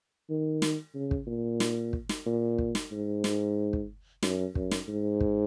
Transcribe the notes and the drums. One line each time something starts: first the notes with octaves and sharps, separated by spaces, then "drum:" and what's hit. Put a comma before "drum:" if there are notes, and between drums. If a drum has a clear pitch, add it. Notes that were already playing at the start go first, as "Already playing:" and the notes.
D#3
drum: snare
C#3
drum: kick
A#2
drum: snare
drum: kick
drum: snare
A#2
drum: kick
drum: snare
G#2
drum: snare
drum: kick
F#2, drum: snare
F#2, drum: kick
drum: snare
G#2
drum: kick